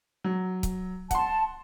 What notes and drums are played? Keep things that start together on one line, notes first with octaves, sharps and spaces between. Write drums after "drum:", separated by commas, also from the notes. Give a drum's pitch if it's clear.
F#3
drum: kick C#1, hi-hat
F#5 A5 C6, drum: kick C#1, hi-hat